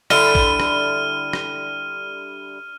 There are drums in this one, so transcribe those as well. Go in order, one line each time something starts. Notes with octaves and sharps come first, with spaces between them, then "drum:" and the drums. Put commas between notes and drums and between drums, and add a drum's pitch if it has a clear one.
D3 G3 E4 F6 D#7, drum: rim click
drum: kick A1
drum: rim click
drum: rim click